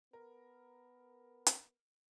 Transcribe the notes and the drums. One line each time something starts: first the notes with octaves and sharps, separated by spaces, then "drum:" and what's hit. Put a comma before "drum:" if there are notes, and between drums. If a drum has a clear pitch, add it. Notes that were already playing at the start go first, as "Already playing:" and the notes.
B3 A#4
drum: hi-hat